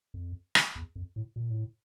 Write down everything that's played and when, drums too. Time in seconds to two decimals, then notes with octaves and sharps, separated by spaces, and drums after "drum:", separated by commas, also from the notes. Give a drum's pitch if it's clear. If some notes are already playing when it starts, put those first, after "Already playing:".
0.14 F2
0.55 drum: rim click
0.76 E2
0.96 F2
1.16 A2
1.36 A#2
1.50 A2